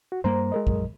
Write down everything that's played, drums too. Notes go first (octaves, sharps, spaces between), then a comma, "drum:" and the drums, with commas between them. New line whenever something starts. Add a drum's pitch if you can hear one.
F#4
G2 G3 A#3 C5 A#5
G#3 A#4 D#5
A#1 F#2, drum: kick